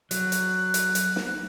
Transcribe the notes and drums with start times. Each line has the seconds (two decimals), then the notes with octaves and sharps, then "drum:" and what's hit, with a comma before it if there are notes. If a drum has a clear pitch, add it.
0.11 F#3 F#6, drum: hi-hat
0.32 drum: hi-hat
0.74 drum: hi-hat
0.95 drum: hi-hat
1.16 drum: snare